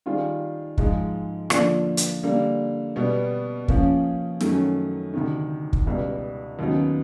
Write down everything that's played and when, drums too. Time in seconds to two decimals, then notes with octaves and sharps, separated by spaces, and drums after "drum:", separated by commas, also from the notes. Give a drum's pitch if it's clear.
0.06 D#3 G3 C4 F4 G#4
0.78 G#2 F3 G#3, drum: kick
1.50 D3 F3 A#3 D4 F4, drum: rim click
1.97 drum: hi-hat
2.23 D3 G3 A#3
2.96 B2 G3 B3
3.68 C#3 F3 A#3 C#4, drum: kick
4.41 F#2 D#3 F#3 A3 C#4, drum: snare
5.14 D2 C3 D#3
5.73 drum: kick
5.87 C#2 B2 G3
6.59 D#2 C#3 F#3 B3 D#4